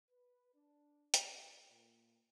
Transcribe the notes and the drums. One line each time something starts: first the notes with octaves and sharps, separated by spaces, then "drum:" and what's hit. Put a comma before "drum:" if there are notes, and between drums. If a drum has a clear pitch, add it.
B4
D4
drum: hi-hat
A2
A#2